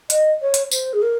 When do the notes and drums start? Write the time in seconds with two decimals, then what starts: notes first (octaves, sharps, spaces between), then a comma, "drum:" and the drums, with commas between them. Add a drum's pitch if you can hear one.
0.10 D#5, drum: hi-hat
0.41 C#5
0.54 drum: hi-hat
0.71 C5, drum: tambourine
0.93 G#4
1.02 A#4